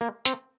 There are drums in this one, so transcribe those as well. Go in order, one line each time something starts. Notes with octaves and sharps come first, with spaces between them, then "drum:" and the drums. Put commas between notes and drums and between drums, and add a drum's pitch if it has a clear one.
A#3
C4, drum: hi-hat